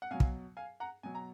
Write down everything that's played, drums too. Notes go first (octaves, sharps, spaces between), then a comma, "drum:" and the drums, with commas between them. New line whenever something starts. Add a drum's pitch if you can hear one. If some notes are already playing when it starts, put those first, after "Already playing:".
F#5
B2 F#3 F5 G#5
drum: kick
F5 G#5
F#5 A#5
B2 F#3 G#5
A#5